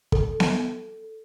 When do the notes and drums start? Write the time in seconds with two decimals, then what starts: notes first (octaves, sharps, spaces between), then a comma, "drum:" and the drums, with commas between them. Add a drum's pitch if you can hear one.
0.12 A4, drum: kick
0.40 drum: snare B3